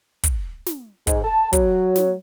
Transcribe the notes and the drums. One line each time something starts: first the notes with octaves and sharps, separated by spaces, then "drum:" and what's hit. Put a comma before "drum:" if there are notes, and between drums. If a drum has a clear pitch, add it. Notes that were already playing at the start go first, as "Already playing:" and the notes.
drum: kick, hi-hat
drum: snare
G#2, drum: kick, hi-hat
A5
F#3, drum: kick, hi-hat
drum: snare